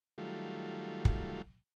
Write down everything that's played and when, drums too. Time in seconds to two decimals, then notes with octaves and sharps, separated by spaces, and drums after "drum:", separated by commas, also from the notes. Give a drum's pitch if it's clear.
0.18 D#3 F#3 G3 A3 F4
1.05 drum: kick